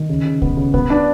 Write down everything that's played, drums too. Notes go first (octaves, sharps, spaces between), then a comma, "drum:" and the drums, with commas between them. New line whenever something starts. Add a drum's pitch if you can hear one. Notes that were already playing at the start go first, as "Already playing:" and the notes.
Already playing: D#3
C#3
C#3
B3, drum: kick
C#3
B3, drum: kick
D4